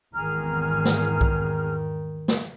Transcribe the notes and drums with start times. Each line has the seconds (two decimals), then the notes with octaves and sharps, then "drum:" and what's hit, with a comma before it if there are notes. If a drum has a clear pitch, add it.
0.14 G#1 E2 D#3 G#4 A#5 F6
0.85 drum: snare
1.21 drum: kick B1
2.28 drum: snare